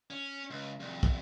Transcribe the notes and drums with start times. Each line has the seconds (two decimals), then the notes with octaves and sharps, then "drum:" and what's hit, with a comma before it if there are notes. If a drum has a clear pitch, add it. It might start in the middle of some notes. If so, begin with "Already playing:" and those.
0.10 C#4
0.50 C#2
0.80 C2 F2
1.03 drum: kick